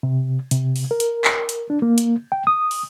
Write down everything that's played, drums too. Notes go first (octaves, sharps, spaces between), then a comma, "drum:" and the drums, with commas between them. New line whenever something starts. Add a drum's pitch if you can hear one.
C3
C3, drum: hi-hat
drum: open hi-hat
A#4
drum: hi-hat
drum: clap
drum: hi-hat
D4
A#3
drum: hi-hat
G5
D#6
drum: open hi-hat